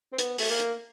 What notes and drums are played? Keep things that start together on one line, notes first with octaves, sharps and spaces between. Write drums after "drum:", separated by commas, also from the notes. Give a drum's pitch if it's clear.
C4
B3, drum: hi-hat
A3, drum: open hi-hat
A#3
drum: hi-hat